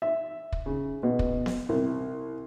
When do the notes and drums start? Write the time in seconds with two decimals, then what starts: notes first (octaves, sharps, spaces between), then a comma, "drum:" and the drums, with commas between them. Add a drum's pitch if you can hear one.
0.02 E5
0.52 drum: kick
0.66 C#3
1.03 B2
1.19 drum: kick
1.46 drum: snare B3
1.69 C2